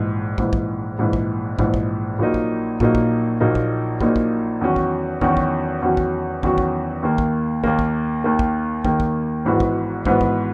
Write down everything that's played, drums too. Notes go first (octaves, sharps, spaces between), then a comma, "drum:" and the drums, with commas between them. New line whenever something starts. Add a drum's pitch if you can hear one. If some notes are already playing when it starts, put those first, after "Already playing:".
Already playing: A#1 G#2 E3
A#1 G#2 E3, drum: kick
drum: kick
A#1 G#2 E3
drum: kick
A#1 G#2 E3, drum: kick
drum: kick
A#1 A#2 F#3 A#3 D#4
drum: kick
A#1 A#2 F#3 A#3 D#4, drum: kick
drum: kick
A#1 A#2 F#3 A#3 D#4
drum: kick
A#1 A#2 F#3 A#3 D#4, drum: kick
drum: kick
E2 D#3 F#3 C#4 F#4
drum: kick
E2 D#3 F#3 C#4 F#4, drum: kick
drum: kick
E2 D#3 F#3 C#4 F#4
drum: kick
E2 D#3 F#3 C#4 F#4, drum: kick
drum: kick
D#2 D#3 A#3
drum: kick
D#2 D#3 A#3, drum: kick
drum: kick
D#2 D#3 A#3
drum: kick
D#2 D#3 A#3, drum: kick
drum: kick
G#1 G#2 E3 B3 F#4
drum: kick
G#1 G#2 E3 B3 F#4, drum: kick
drum: kick